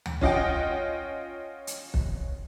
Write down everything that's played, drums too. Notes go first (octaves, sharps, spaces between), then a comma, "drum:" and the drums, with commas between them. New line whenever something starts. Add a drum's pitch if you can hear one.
drum: tom D2
C#4 F4 D#5 F#5 G5, drum: kick
drum: hi-hat
drum: kick